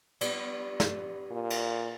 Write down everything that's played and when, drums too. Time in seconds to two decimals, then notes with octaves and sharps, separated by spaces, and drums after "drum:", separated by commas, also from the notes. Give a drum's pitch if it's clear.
0.21 G3 B3, drum: cymbal
0.80 drum: snare
1.31 A#2
1.50 drum: cymbal